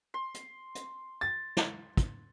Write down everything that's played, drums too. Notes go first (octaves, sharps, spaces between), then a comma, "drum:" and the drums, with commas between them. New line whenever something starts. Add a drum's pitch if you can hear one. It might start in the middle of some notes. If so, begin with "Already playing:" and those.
C6
drum: hi-hat
drum: hi-hat
A6
drum: snare
drum: kick, hi-hat